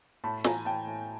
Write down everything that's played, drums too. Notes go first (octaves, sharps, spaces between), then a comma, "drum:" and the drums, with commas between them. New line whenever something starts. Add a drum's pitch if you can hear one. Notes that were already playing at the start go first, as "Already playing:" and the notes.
A2 A5 B5
E3 G#5 A#5, drum: snare
A2 G5 A5
A2